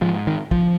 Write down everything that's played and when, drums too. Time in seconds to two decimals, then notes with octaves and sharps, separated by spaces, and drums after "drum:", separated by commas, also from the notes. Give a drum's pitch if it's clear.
0.01 G#2 F3
0.27 D#3
0.51 F3, drum: kick